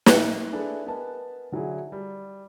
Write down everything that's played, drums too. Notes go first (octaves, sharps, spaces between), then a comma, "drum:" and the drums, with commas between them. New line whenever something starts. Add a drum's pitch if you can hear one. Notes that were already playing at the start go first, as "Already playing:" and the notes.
A#1 F#6, drum: snare
D4 E4 G#4 A4 B4
B3 A#4 D#5 G#5 A5
D3 F#3 E4 G#4
G3